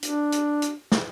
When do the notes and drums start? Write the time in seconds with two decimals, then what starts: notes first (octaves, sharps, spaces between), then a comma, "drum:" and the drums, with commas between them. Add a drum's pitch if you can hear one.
0.03 D4, drum: hi-hat
0.32 drum: hi-hat
0.62 drum: hi-hat
0.92 drum: snare